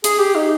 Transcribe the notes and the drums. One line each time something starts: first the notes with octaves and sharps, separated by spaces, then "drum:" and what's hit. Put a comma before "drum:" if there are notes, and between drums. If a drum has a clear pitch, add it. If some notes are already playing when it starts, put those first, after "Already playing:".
G#4, drum: hi-hat
G4
D#4